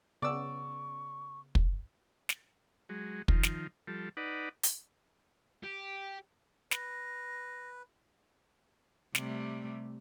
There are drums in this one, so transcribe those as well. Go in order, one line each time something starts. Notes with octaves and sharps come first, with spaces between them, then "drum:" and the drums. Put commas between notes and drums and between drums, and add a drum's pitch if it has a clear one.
C#3 B3 D5 C#6 E6
drum: kick
drum: snare
F#3 G#3
D#3 F3, drum: kick
drum: snare
F3 G3 A4
D#4 B4 D5 F#5
drum: hi-hat
G4
B4 A#6, drum: snare
C3 G3 A3, drum: snare